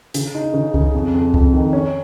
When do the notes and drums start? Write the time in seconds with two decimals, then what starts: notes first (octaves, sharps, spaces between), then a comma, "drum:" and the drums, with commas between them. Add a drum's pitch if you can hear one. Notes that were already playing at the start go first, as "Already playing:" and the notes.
0.14 C#3, drum: hi-hat
0.35 D#4
0.54 C#3
0.74 C#3, drum: kick C2
0.94 F2
1.14 F2
1.34 F2, drum: kick C2
1.54 D#3
1.73 C#4